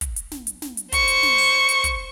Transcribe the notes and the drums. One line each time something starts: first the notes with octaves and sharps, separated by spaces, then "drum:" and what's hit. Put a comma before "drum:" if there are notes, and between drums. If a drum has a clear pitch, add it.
drum: kick, hi-hat
drum: hi-hat
drum: snare
drum: hi-hat
drum: snare
drum: hi-hat
C5 C#6, drum: kick, hi-hat
drum: hi-hat
drum: snare
drum: open hi-hat
drum: hi-hat
drum: kick, hi-hat